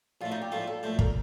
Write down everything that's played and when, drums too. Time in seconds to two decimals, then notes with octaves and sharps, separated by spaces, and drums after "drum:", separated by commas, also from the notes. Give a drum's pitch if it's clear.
0.21 A#1 A2 A3 F4
0.31 D#4
0.42 G4
0.52 A#1 A2 A3 F4
0.67 A4
0.83 A#1 A2 A3 C5
0.99 A#4, drum: kick